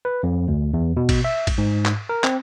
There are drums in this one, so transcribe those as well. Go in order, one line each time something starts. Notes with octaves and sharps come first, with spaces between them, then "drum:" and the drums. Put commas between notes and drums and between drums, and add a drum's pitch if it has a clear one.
B4
F2
D2
E2
B2
drum: kick, cymbal
E5
drum: kick, cymbal
G#2
drum: clap
A#4
C4, drum: clap